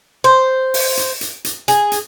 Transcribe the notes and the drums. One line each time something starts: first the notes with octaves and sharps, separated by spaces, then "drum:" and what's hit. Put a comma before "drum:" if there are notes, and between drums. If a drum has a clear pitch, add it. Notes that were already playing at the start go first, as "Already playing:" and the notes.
C5
drum: open hi-hat
drum: hi-hat
drum: hi-hat
drum: hi-hat
G#4, drum: hi-hat
drum: hi-hat